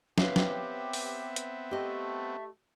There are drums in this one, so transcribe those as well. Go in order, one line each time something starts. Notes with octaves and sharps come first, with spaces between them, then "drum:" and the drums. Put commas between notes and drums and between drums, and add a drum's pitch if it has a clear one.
B3 C4 G4 B4 C#5 E5 F5, drum: snare
drum: snare
drum: open hi-hat
drum: hi-hat
A3 G4 D#5